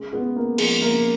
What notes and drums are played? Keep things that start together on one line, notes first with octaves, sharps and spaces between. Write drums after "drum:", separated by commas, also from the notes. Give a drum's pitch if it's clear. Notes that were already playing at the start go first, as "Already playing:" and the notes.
Already playing: C#3 G#3
G#3 B3
C#3
A#3
F3 G#3, drum: cymbal
A#3
C#3